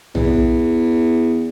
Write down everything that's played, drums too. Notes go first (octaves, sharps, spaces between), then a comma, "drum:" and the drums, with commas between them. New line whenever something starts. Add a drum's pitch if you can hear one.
E2, drum: tom